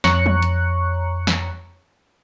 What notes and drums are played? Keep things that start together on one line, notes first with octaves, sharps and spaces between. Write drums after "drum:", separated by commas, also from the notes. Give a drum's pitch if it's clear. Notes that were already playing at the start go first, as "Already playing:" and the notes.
F2 C#5 A#5 C#6 F#6 C#7, drum: snare
drum: tom
drum: hi-hat
drum: snare